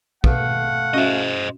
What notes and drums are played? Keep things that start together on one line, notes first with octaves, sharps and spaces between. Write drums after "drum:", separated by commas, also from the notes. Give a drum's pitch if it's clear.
B2 A3 F5 F#5, drum: kick
C#4 F#4 C5 D#5 E5